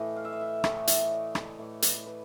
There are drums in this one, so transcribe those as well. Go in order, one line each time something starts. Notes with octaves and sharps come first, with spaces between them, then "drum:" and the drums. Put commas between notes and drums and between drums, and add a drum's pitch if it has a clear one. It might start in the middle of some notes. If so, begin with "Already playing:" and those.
Already playing: A2 E3 A3 D#5
F5
E5
D#5
E5
A2 E3 A3 D#5, drum: rim click
drum: hi-hat
C#5
D5
drum: rim click
A2 E3 A3 C#5
drum: hi-hat
B4